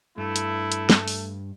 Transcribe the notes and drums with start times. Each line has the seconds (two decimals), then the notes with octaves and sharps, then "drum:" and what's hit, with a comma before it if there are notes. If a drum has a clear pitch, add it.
0.18 G2 A3 E4
0.36 drum: hi-hat
0.72 drum: hi-hat
0.90 drum: snare
1.08 drum: open hi-hat